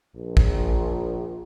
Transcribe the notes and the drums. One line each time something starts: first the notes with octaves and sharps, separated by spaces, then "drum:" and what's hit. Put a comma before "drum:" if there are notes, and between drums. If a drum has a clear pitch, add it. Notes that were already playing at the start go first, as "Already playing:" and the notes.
A#1
drum: kick